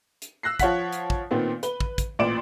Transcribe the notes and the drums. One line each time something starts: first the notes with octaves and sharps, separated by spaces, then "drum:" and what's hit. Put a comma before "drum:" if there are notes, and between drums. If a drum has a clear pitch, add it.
drum: hi-hat
E6 F#6 A#6 C7
F3 C#5 F5 F#5 B6, drum: kick, hi-hat
drum: hi-hat
drum: kick
A#2 D#3 B3 C4
B4 G7, drum: hi-hat
drum: kick
drum: kick, hi-hat
A1 A#2 D5 D7 E7